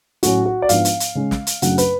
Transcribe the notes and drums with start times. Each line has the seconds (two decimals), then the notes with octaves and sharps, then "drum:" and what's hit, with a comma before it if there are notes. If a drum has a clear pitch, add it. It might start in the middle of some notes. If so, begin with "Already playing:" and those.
0.23 A2 F#3 C#4 F#4, drum: hi-hat
0.46 F#4
0.62 D5
0.69 G#2 F3 B3 D4 F5, drum: hi-hat
0.85 drum: hi-hat
1.00 drum: hi-hat
1.15 C#3 G#3 C#4
1.31 drum: snare
1.47 drum: hi-hat
1.62 F#2 C#3 F#3 A3 D4 F#5, drum: hi-hat
1.78 B4, drum: hi-hat